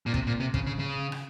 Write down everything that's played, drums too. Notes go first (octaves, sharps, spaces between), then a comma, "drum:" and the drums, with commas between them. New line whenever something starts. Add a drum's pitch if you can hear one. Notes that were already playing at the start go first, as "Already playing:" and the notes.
A#2
C3, drum: kick
A#2
C3
C#3, drum: kick
C#3
C#3
drum: rim click